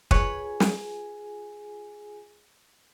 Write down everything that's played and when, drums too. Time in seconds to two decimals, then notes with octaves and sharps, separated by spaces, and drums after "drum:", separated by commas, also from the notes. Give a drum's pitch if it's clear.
0.11 F4 G#4 B4 C#5 G#5, drum: kick
0.60 drum: snare